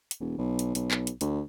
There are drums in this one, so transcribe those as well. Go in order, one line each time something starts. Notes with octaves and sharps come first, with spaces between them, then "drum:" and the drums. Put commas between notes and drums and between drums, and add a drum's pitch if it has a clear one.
drum: hi-hat
E1
B1
drum: hi-hat
B1, drum: hi-hat
drum: clap
drum: hi-hat
D2, drum: hi-hat